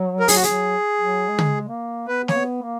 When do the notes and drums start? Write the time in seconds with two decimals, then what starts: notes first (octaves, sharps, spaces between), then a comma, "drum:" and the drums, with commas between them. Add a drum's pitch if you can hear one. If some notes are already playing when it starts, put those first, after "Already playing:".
Already playing: F#3
0.20 A#4
0.28 G#4, drum: open hi-hat
0.35 F#4
0.43 F#3 G#4, drum: hi-hat
1.00 F#3
1.28 G#3
1.39 drum: tom
1.68 A#3
2.08 B3 B4
2.28 A#3 C#5, drum: snare
2.35 B3
2.62 A#3